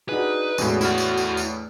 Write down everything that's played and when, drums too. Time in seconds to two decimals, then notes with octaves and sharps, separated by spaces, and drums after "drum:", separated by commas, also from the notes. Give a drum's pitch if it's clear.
0.09 D4 D#4 F#4 G#4 B4
0.58 E2 A2 G#3 C#4 D4 F#4, drum: tambourine
0.81 A3 D4 E4 F#5 F6, drum: tambourine
0.98 drum: tambourine
1.17 drum: tambourine
1.37 drum: tambourine